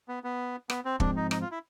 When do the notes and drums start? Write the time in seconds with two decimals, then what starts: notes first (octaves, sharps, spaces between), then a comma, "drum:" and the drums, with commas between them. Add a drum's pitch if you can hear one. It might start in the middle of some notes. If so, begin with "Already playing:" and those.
0.08 B3
0.24 B3
0.70 B3, drum: rim click
0.85 C4
1.00 G#2 F3 G#3 C4 D4, drum: kick
1.16 D#4
1.31 D#4, drum: rim click
1.41 F4
1.52 E4